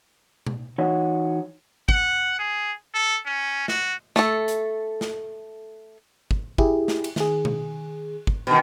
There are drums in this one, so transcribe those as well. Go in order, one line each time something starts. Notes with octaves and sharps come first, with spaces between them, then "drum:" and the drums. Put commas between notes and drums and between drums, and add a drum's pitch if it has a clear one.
drum: tom B2
E3 D#4 F#4 C#5
F#5, drum: kick
G#4
A4
C#4
F#4, drum: snare
A3 A4, drum: snare
drum: hi-hat
drum: snare
drum: kick
E4 G4 G#4, drum: kick
drum: snare
drum: cymbal
D#3 G#4, drum: snare
drum: tom B2
drum: kick
B2 D#3